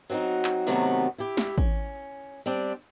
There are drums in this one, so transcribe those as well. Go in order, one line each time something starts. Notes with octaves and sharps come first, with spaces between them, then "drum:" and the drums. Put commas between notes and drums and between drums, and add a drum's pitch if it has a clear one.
F#3 C4 D4 D#4 F#4
drum: clap
C3 D#3 F#3 A3 B3 C4
E4 G4
drum: snare
C#4, drum: kick
G3 C4 D4